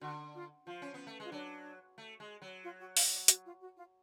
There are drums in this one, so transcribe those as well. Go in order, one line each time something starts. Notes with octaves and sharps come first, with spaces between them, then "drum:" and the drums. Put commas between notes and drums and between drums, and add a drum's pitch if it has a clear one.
D3 F#4
F4
F3 F4
C#4
B3
A3
G#3 F4
F#3 D4
A3
G#3
F#3
F4
F#4
F5, drum: open hi-hat
D5
F#4, drum: hi-hat
F4
F#4
F4